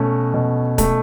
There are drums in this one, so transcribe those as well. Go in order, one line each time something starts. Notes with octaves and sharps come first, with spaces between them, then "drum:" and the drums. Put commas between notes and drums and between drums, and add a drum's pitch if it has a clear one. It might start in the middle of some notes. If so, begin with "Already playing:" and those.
Already playing: B2 A3 C#4
B2
A3, drum: kick, hi-hat